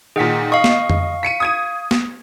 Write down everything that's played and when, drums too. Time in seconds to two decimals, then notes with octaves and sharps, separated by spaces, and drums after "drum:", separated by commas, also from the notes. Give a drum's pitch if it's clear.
0.16 A#2 D#3 G#4 F#5 B6
0.52 D#5 F5 C#6
0.64 drum: snare
0.90 drum: tom F2
1.23 B6 C#7 D#7
1.40 D#6 G#6 D#7
1.91 drum: snare